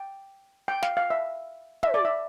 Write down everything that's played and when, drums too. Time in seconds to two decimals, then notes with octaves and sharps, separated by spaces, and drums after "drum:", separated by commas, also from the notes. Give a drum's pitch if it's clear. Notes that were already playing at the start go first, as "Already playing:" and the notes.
Already playing: G5
0.68 G5
0.83 F5, drum: snare
0.97 F5
1.10 E5
1.83 E5, drum: tom
1.94 D5
2.05 E5